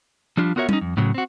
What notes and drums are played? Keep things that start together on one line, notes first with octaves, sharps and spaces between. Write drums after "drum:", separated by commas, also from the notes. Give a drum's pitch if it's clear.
F3 G3 D4 F4
B3 F4 F#4 A#4 C#5 E5
C#4 D#4, drum: tom
F2
A2 C#3 F#3
C4 F#4